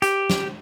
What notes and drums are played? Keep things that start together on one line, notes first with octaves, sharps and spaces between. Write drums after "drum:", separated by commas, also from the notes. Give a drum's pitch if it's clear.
G4, drum: hi-hat
drum: snare